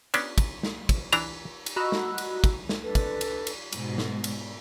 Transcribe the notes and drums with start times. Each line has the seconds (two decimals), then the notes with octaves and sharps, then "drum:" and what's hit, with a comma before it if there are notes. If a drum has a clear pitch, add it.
0.14 B3 C#4 D4, drum: cymbal
0.38 drum: kick, cymbal
0.63 drum: snare
0.89 drum: kick, cymbal
1.12 E3 D4 A#5, drum: cymbal
1.66 drum: cymbal
1.76 F#4 D#5 A#5 B5 E6 F#6
1.92 drum: snare
2.18 drum: cymbal
2.44 drum: kick, cymbal
2.69 drum: snare
2.84 D4 A4 B4
2.95 drum: kick, cymbal
3.21 drum: cymbal
3.47 drum: cymbal
3.72 G#2 B2, drum: cymbal
3.98 drum: snare
4.24 drum: cymbal